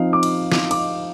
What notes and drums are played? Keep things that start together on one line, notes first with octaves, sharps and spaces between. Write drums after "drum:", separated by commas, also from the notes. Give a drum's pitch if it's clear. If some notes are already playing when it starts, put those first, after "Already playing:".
Already playing: F3 C4 D#4 F5
D6
drum: cymbal
D6, drum: snare
D6, drum: cymbal